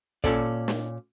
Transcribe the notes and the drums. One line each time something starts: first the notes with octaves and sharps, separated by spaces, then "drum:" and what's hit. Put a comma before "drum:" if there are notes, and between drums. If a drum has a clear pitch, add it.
A#2 C#4 A4 D5, drum: kick
drum: snare